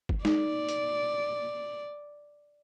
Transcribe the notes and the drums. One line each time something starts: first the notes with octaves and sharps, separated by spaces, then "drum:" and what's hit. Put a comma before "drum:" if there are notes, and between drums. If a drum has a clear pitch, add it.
drum: kick
D#4 D5, drum: snare
drum: hi-hat